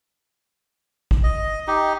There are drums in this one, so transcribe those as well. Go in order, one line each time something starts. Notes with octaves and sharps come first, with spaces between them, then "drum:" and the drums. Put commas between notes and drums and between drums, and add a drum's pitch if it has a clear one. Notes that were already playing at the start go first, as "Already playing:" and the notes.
drum: kick A1
D#5
D#4 G4